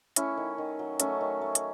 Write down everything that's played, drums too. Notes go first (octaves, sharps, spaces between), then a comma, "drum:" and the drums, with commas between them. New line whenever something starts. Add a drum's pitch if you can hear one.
A3 C#4 E4, drum: hi-hat
D#3
D#3
F#3
F#3 A3 C#4, drum: hi-hat
D#3
A3
drum: hi-hat